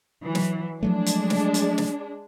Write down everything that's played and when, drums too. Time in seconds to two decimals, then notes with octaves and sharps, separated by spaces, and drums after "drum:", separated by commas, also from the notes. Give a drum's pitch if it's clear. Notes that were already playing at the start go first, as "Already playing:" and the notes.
0.24 E3 F#3
0.35 drum: snare
0.83 F3 F#3 G#3 A3 D4
1.06 drum: hi-hat
1.30 drum: snare
1.54 drum: hi-hat
1.78 drum: snare